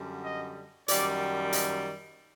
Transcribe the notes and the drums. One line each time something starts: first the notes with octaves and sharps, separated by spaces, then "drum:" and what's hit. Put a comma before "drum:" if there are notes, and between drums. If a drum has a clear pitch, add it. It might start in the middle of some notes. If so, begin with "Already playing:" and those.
Already playing: F#2 D3 G3
D#5
F#2 D#3 G3 D5, drum: hi-hat
D#5, drum: hi-hat